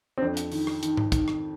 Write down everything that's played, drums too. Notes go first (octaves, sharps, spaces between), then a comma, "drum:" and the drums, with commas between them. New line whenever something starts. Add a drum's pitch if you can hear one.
C4
F2 D4
drum: hi-hat
D#3, drum: open hi-hat
drum: rim click
D#3, drum: hi-hat
drum: tom G#2
D#3, drum: kick, hi-hat
drum: rim click